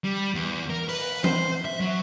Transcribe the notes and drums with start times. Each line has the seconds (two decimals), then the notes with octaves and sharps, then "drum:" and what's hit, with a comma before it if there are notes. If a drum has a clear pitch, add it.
0.04 G3
0.35 E2
0.70 A#4
0.89 B4, drum: open hi-hat
1.24 C5, drum: tom E3
1.65 E5
1.80 F#3